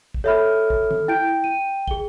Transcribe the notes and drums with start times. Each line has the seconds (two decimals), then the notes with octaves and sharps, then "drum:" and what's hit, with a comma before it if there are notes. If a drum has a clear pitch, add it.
0.14 drum: kick
0.24 A4 C#5 E5 B5 F6
0.70 drum: kick
0.91 drum: tom
1.08 E4 G5 G6 D7
1.44 D#7
1.88 G#4 G7, drum: kick